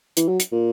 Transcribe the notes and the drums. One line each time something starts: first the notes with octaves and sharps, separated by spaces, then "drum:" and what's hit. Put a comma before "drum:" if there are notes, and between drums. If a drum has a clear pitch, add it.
E3, drum: hi-hat
F#3
drum: hi-hat
A#2